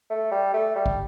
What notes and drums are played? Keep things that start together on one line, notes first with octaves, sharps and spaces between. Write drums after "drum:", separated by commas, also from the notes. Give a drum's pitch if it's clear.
A3
G3
A3
G3
drum: kick